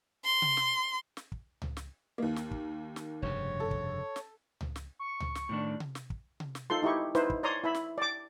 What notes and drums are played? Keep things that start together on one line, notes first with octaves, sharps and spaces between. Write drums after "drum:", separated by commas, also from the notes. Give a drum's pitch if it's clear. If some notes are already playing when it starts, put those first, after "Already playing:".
C6
drum: tom C3
drum: snare
drum: snare
drum: kick
drum: tom C#2
drum: snare
D#2 A#3
drum: snare
drum: kick
drum: snare
F1 G2 C#3 C#5
A4
drum: kick
drum: snare
drum: tom C#2
drum: snare
C#6
drum: tom C#2
drum: snare
A2 D#3 D4
drum: tom C3
drum: snare
drum: kick
drum: tom C3
drum: snare
D#4 F4 A4 C6
D#4 E4 G4 C#6
D#4 E4 B4 C5, drum: snare
drum: kick
C#5 D5 A#5 C6 D#6
E4 E5 B5
drum: snare
D5 D6